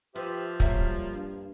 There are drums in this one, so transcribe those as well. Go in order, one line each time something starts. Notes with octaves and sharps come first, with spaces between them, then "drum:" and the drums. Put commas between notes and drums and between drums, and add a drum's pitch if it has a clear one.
F3 G4 B4 C5 E5
F#3 G3 A#3 E5, drum: kick
G2